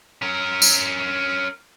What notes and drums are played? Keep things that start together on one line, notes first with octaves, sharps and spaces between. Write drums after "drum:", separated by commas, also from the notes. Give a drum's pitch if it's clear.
C#4 A#4
drum: tambourine